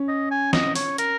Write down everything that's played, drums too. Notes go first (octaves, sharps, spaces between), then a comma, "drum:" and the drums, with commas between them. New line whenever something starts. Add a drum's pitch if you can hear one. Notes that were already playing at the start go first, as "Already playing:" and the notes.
Already playing: C#4
D#5
G#5
D#5, drum: snare
C#5, drum: open hi-hat
A#4, drum: hi-hat